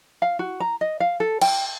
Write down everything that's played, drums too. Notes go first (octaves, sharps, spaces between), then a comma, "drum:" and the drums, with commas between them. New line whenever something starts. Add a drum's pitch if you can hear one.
F5
F#4
A#5
D#5
F5
A4
G5, drum: cymbal